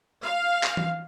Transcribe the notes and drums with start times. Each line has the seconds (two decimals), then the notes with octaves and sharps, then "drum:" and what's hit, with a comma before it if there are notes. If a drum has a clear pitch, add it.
0.24 F5
0.63 drum: clap
0.77 drum: tom